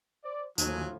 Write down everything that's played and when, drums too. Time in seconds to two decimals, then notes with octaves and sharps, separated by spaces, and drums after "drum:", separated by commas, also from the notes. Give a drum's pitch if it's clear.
0.24 C5 D5
0.58 D#2 A2 D3 F3 F#3 G#5, drum: tambourine